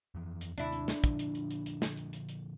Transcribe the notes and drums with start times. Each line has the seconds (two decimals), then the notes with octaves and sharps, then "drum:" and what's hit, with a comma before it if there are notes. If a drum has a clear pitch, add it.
0.15 F2 E3
0.41 drum: hi-hat
0.58 D#2 C3 D4 E4, drum: hi-hat
0.72 drum: hi-hat
0.88 drum: snare
1.04 A#2 D3 F3, drum: kick, hi-hat
1.19 drum: hi-hat
1.35 drum: hi-hat
1.51 drum: hi-hat
1.66 drum: hi-hat
1.82 drum: snare
1.97 drum: hi-hat
2.13 drum: hi-hat
2.29 drum: hi-hat